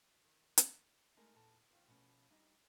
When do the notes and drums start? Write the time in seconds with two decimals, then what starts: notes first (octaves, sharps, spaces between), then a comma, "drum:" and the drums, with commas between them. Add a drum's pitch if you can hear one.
0.25 D#3
0.58 drum: hi-hat
1.16 G#3 A3 D#4 G#4 A#4
1.34 E2 A#2 A4 A5
1.71 D#3 F4 C5
1.88 B2 F3 A3 C#4
2.31 G3 D4 D#4